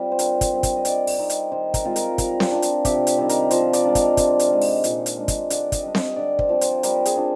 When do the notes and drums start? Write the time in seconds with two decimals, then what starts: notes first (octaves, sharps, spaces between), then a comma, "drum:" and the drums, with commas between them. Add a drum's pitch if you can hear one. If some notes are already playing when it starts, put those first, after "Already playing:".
Already playing: G3 C4 F4
0.12 C5
0.19 D3 A#4, drum: hi-hat
0.41 drum: kick, hi-hat
0.52 G3 C4
0.63 drum: kick, hi-hat
0.77 D#5
0.85 G3 D5, drum: hi-hat
1.07 drum: open hi-hat
1.18 C4 D#4
1.30 drum: hi-hat
1.52 D#3 C5
1.74 A#4, drum: kick, hi-hat
1.85 G#3 C4 F4
1.96 A#4, drum: hi-hat
2.18 G3 A#4, drum: kick, hi-hat
2.40 drum: snare C4
2.51 D4 F4
2.62 drum: hi-hat
2.85 C3 G4, drum: kick, hi-hat
3.07 drum: hi-hat
3.18 D#3 G3 C4
3.29 A#4, drum: hi-hat
3.51 F3 C5, drum: hi-hat
3.73 D5, drum: hi-hat
3.84 G#3 D4 F4
3.95 F5, drum: kick, hi-hat
4.17 C3, drum: kick, hi-hat
4.39 drum: hi-hat
4.50 D#3 G#3
4.62 drum: open hi-hat
4.84 A#2, drum: hi-hat
5.06 drum: hi-hat
5.17 G#3 D4
5.28 drum: kick, hi-hat
5.50 D3 D5, drum: hi-hat
5.72 D#5, drum: kick, hi-hat
5.83 G3 D4
5.95 D#5, drum: snare C4
6.16 D3 D5
6.39 C5, drum: kick
6.49 F3 C4 F4
6.61 C5, drum: hi-hat
6.83 G3 A#4, drum: hi-hat
7.05 G#4, drum: hi-hat
7.16 D4 F4